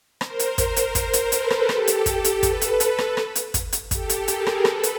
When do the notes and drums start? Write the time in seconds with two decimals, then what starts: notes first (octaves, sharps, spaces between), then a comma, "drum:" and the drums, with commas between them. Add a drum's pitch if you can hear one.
0.21 A#4 C5, drum: rim click
0.39 drum: hi-hat
0.58 drum: kick, hi-hat
0.76 drum: hi-hat
0.95 drum: kick, hi-hat
1.13 drum: hi-hat
1.32 A4 B4, drum: hi-hat
1.50 drum: rim click
1.69 G4 A4, drum: rim click
1.87 drum: hi-hat
2.06 G4 A4, drum: kick, hi-hat
2.24 drum: hi-hat
2.43 A4 B4, drum: kick, hi-hat
2.61 drum: hi-hat
2.80 drum: hi-hat
2.98 drum: rim click
3.17 drum: rim click
3.35 drum: hi-hat
3.54 drum: kick, hi-hat
3.72 drum: hi-hat
3.91 G4 A4, drum: kick, hi-hat
4.09 drum: hi-hat
4.28 G#4 A#4, drum: hi-hat
4.46 drum: rim click
4.65 A4 B4, drum: rim click
4.83 drum: hi-hat